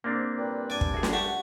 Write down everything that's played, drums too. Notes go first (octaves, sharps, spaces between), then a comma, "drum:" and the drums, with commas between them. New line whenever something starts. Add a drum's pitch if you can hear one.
G#2 C3 A#3 C4 D4
A#2 G3 B4
G2 D5 G#5
drum: kick
F#4 G#4 A#4 E5 F#5
drum: snare
F#4 G4 A5